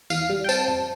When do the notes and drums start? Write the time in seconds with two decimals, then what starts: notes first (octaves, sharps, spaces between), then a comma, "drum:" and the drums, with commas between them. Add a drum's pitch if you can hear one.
0.10 E2 F5, drum: tambourine
0.30 G3
0.44 G5
0.49 C4 A5, drum: tambourine
0.68 F2